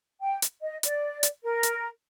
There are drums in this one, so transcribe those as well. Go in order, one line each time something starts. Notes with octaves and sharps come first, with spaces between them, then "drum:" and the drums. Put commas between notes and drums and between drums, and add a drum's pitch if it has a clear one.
G5
drum: hi-hat
D#5
D5, drum: hi-hat
drum: hi-hat
A#4
drum: hi-hat